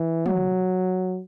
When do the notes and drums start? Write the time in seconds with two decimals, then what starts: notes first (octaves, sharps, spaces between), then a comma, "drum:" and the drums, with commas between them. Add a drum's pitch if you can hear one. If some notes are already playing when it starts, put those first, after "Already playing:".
Already playing: E3
0.26 F#3, drum: tom